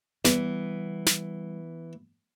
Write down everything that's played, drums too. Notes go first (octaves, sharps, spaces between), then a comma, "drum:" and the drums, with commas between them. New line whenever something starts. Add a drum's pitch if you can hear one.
E2 E3 G3 B3, drum: snare
drum: snare